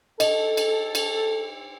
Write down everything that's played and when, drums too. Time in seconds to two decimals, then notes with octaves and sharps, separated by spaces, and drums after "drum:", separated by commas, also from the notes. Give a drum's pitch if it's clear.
0.20 A4 D#5, drum: cymbal
0.57 drum: cymbal
0.95 drum: cymbal